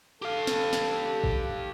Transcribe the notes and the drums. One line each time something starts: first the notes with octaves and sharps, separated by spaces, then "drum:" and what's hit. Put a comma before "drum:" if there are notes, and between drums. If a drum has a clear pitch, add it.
D3 G4 A4 F5
drum: snare
drum: snare
drum: kick